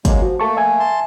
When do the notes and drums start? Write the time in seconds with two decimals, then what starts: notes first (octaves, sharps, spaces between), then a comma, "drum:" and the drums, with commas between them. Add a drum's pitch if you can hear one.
0.05 F#3 G#3 A#3, drum: kick, hi-hat
0.22 F3 F#4
0.40 A3 A#3 A4 A5 C#6
0.57 E5 G#5
0.80 A5 C6